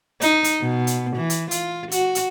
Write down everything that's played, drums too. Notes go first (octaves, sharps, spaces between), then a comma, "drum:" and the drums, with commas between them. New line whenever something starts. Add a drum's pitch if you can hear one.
D#4, drum: hi-hat
drum: hi-hat
B2
drum: hi-hat
E3
drum: hi-hat
F4, drum: hi-hat
F#4, drum: hi-hat
drum: hi-hat